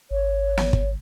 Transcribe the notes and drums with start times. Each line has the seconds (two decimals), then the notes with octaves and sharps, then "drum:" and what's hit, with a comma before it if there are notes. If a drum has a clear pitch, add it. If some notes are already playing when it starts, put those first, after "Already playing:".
0.11 G#1 C#5
0.57 drum: snare
0.73 drum: kick